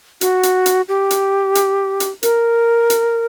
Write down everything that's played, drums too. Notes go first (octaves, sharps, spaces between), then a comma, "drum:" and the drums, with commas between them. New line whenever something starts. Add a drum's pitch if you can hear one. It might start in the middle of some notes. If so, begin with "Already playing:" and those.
F#4, drum: hi-hat
drum: hi-hat
drum: hi-hat
G4
drum: hi-hat
drum: hi-hat
drum: hi-hat
A#4, drum: hi-hat
drum: hi-hat